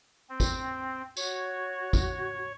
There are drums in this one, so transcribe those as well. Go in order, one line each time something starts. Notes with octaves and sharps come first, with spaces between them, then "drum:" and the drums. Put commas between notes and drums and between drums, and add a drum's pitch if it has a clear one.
C4
drum: kick G#1, tambourine
F#4 C#5, drum: tambourine
drum: kick G#1, tambourine